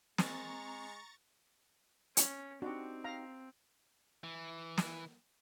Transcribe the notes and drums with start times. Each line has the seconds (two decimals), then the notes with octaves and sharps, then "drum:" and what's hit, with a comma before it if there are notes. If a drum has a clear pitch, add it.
0.18 G#3 C4 A#5 C#6 A6, drum: snare
2.17 C#4, drum: hi-hat
2.62 C4 D4 D#4 F#4 G4
3.04 F5 A#5
4.24 E3
4.78 drum: snare